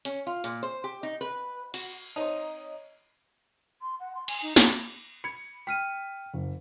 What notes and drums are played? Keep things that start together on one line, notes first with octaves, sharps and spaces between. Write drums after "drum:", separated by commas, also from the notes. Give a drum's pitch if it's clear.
C#4, drum: hi-hat
F4
A#2, drum: hi-hat
C5
G4
D#4
B4
F#4, drum: cymbal
C4 D#4 C#5 D#5 A#5
C6
F#5
C6
G#5, drum: cymbal
D#4
C#5, drum: snare
drum: hi-hat
B5 G#6 C#7
G5 F6 B6 D#7
F#1